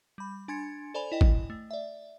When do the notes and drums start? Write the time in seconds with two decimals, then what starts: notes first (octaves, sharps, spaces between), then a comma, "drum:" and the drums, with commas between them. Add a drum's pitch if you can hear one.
0.18 G3 B5
0.48 D4 G#5 C6 G#6 A6 C#7
0.94 A4 C5 D5 G#5 B5 F7
1.12 E4 D#5 G5
1.21 drum: kick
1.50 A3
1.71 D5 E5